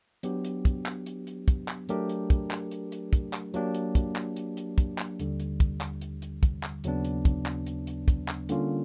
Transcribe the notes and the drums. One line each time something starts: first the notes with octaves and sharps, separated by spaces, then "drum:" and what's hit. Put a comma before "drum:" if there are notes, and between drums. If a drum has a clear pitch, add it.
F#3 B3 D4 G4, drum: hi-hat
drum: hi-hat
drum: kick, hi-hat
drum: clap
drum: hi-hat
drum: hi-hat
drum: kick, hi-hat
drum: clap
F#3 A3 D4 G4 A#4, drum: hi-hat
drum: hi-hat
drum: kick, hi-hat
drum: clap
drum: hi-hat
drum: hi-hat
drum: kick, hi-hat
drum: clap
F#3 A#3 D4 G4, drum: hi-hat
drum: hi-hat
drum: kick, hi-hat
drum: clap
drum: hi-hat
drum: hi-hat
drum: kick, hi-hat
drum: clap
D#2 D3 G3, drum: hi-hat
drum: hi-hat
drum: kick, hi-hat
drum: clap
drum: hi-hat
drum: hi-hat
drum: kick, hi-hat
drum: clap
D#2 C#3 F#3 B3 D4, drum: hi-hat
drum: hi-hat
drum: kick, hi-hat
drum: clap
drum: hi-hat
drum: hi-hat
drum: kick, hi-hat
drum: clap
D3 G3 A#3 C#4 F4, drum: hi-hat